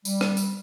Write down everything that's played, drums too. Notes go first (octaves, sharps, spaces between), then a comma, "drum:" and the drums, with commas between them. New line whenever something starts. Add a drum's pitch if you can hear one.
G3, drum: tambourine
drum: rim click
drum: tambourine